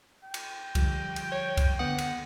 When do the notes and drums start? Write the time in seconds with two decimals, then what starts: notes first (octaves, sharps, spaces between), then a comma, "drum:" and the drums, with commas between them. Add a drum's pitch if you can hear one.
0.24 G5
0.34 drum: cymbal
0.75 D3 F3 G3, drum: kick C2, cymbal
1.16 drum: cymbal
1.32 C#5
1.57 drum: kick C2, cymbal
1.79 D3 B3 F#5 D#6
1.98 drum: cymbal